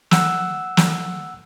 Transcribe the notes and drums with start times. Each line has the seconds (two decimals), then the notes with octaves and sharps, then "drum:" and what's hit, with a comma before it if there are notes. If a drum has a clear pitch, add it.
0.11 F#5 E6, drum: snare
0.77 drum: snare